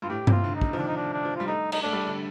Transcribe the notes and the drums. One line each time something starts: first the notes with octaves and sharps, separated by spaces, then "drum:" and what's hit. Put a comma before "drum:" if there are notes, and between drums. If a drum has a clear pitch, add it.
G2 F4
A2 G4
C3, drum: tom G2
F4
D3
D#4
D3, drum: kick
F3
D#3 D4
D#4
D4
D4
F3
G3 F4
A3 D#4
D#4, drum: cymbal
A3 D4
G3
D3